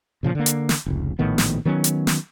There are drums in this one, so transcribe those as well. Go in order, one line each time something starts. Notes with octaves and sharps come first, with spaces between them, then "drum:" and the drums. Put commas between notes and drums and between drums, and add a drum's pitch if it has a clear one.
A#2 C#3 F3
D3 A#3
drum: hi-hat
drum: snare
F1 C#2
A#1 A2 D#3 B3
drum: snare
D#3 F#3 B3 C#4
drum: hi-hat
drum: snare